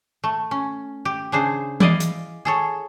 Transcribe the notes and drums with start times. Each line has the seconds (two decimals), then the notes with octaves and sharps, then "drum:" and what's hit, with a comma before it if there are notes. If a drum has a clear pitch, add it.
0.24 A3
0.51 C#4
1.05 G4
1.32 C#3 D4 G#4 C5
1.80 E4 D5 D#5 F5, drum: tom E3
2.00 drum: hi-hat
2.45 G#4 A4 C#5